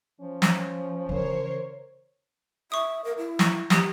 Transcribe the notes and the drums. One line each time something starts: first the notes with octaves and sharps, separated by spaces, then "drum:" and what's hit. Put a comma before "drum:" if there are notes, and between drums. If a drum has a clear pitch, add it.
F3 C#4
drum: snare
C#3 E3 A#4 C5 C#5
E5 C#6 D#6
A#4
E4
C#6, drum: snare
G4 D#6, drum: snare